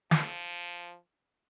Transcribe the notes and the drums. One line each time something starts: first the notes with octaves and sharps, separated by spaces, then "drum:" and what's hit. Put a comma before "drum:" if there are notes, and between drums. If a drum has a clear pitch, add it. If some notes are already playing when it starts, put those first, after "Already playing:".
F3, drum: snare